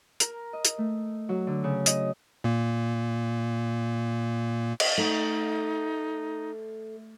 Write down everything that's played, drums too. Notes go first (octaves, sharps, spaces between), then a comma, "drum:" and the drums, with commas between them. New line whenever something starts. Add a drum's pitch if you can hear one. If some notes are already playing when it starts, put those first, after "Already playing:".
A#4, drum: hi-hat
D#5
drum: hi-hat
A3
F#3
D3
C#3
D#5, drum: hi-hat
A#2 A#3
drum: cymbal
A3 D#4